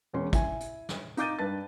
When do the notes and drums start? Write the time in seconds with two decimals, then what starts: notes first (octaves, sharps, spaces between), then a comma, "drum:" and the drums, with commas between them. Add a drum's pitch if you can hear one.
0.13 E1 E2 C#4 C6
0.33 E4 G#5, drum: kick, hi-hat
0.60 drum: hi-hat
0.89 drum: snare
1.17 D#4 F5 D6 G6 A6 D#7, drum: hi-hat
1.39 G2 B4 A5 A6